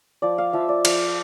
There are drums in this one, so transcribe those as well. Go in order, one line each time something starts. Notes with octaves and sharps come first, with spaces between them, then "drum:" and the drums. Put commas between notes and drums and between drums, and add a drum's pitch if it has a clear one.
F3 D5
F5
F3 E5
D5
F3, drum: cymbal